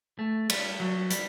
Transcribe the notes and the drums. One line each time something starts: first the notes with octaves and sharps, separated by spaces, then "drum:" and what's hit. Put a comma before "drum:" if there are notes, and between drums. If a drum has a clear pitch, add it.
A3
G3, drum: cymbal
F#3
G3, drum: hi-hat